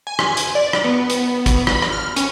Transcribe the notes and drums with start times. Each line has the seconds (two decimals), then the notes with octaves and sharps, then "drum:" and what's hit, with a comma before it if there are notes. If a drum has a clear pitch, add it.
0.07 G#5
0.19 drum: rim click
0.37 drum: hi-hat
0.55 D5
0.73 drum: rim click
0.84 B3
1.10 drum: hi-hat
1.46 drum: kick, hi-hat
1.67 B5, drum: rim click
1.82 drum: rim click
1.92 F6
2.16 C#4, drum: hi-hat